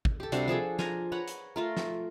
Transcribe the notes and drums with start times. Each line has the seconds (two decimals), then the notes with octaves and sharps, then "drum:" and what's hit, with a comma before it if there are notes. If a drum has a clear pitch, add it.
0.05 drum: kick
0.20 G4 A4
0.32 C3 G3 D4 F#4, drum: hi-hat
0.48 F3 D4 G#4 A4
0.79 F4 G#5 A#5, drum: snare
1.12 B4 C#5 F#5 A#5
1.28 drum: hi-hat
1.56 A3 F4 A#4
1.77 drum: snare